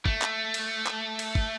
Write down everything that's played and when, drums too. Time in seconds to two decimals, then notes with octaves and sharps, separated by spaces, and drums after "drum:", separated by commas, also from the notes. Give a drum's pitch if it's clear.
0.05 A3, drum: kick
0.22 drum: clap
0.54 drum: cymbal
0.87 drum: clap
1.19 drum: cymbal
1.35 drum: kick